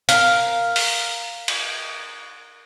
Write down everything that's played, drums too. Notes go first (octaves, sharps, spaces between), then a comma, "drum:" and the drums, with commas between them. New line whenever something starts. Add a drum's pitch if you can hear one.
A#4 F5, drum: hi-hat
drum: open hi-hat
drum: cymbal